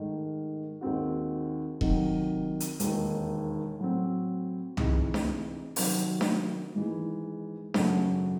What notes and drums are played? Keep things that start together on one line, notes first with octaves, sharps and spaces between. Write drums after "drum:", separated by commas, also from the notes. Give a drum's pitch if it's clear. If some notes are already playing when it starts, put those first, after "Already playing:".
Already playing: G#2 D#3 A3
D#2 D#3 G#3 C4 F#4
C3 D#3 F#3, drum: kick E1
drum: hi-hat
E1 D#2 D#3, drum: hi-hat
A2 F#3 C4
C3 E3 G#3 D#4, drum: tom C2
drum: snare D4
C3 D#3 F#3 C4, drum: open hi-hat
drum: snare D4
G#1 G#2 E3 G#3
G#1 F#2 C#3 F#3 A3, drum: snare D4